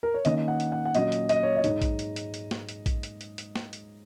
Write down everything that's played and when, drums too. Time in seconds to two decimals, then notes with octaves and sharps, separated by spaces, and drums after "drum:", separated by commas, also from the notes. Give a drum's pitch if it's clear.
0.03 A#4
0.14 C#5
0.25 D#3 A#3 C#4 D#5, drum: hi-hat
0.48 F#5
0.60 drum: hi-hat
0.72 F#5
0.85 F#5
0.95 A#2 F#3 A#3 C#4 D#5, drum: hi-hat
1.12 drum: hi-hat
1.29 D#5, drum: hi-hat
1.43 C#5
1.57 D#5
1.64 G#2 G#3 D#4, drum: hi-hat
1.82 drum: kick A#1, hi-hat
1.99 drum: hi-hat
2.16 drum: hi-hat
2.34 drum: hi-hat
2.51 drum: snare
2.69 drum: hi-hat
2.86 drum: kick A#1, hi-hat
3.03 drum: hi-hat
3.21 drum: hi-hat
3.38 drum: hi-hat
3.56 drum: snare
3.73 drum: hi-hat